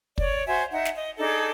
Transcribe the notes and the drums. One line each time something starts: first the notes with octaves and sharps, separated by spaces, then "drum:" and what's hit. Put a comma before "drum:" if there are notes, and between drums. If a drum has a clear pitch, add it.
C#5 D5, drum: kick
F#4 C5 E5 G#5
D#4 E5 F#5
drum: snare
D#5
D4 D#4 G#4 A4